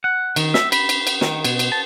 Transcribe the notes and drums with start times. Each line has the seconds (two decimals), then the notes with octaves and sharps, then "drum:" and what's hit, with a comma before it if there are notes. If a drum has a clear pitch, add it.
0.04 F#5
0.36 D#3, drum: cymbal
0.54 E5, drum: snare
0.72 B5, drum: cymbal
0.89 drum: cymbal
1.07 drum: cymbal
1.21 D#3, drum: snare
1.45 B2, drum: cymbal
1.59 drum: cymbal
1.72 A5